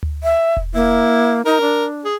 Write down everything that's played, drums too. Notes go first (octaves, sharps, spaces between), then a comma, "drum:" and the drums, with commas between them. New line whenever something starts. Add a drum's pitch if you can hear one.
drum: tom D2
E5
drum: kick E1
A#3 E4
D#4 A#4
D4
G#4